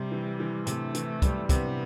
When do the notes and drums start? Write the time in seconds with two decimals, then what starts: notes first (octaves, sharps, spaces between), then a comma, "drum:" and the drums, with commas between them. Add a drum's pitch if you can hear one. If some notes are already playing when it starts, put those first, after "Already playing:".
Already playing: C3 G3
0.12 E3
0.40 E3
0.67 C3 A3, drum: hi-hat
0.95 E3, drum: hi-hat
1.22 G3, drum: kick, hi-hat
1.49 C3 B3, drum: kick, hi-hat